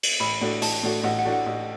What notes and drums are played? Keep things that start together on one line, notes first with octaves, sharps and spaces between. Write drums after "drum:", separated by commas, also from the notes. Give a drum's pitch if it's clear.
drum: cymbal
A1 B5
A2 A3 D4 F#4
A1 A5, drum: open hi-hat
A2 A3 D4 F#4
A1 F#5
F#5
A2 A3 D4 F#4
F#5
A1